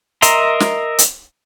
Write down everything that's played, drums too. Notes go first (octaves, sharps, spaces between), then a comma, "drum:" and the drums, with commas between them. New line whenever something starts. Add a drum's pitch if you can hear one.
A#4 D#5 E5 A#5 C6, drum: hi-hat
drum: snare
drum: hi-hat